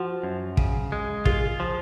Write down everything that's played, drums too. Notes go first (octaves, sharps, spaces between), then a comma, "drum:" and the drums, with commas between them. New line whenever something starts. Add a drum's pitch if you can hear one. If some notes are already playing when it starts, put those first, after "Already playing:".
Already playing: F3 F#4
F#2
C#3, drum: kick
G#3
F4 G#4, drum: kick
F3